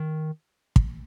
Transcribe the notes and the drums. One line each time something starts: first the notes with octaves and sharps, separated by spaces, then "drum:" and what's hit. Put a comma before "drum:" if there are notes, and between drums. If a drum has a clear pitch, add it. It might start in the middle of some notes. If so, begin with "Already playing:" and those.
Already playing: D#3
drum: kick